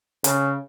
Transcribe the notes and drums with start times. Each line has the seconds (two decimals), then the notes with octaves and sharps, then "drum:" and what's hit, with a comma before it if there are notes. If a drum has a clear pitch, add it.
0.24 C#3, drum: hi-hat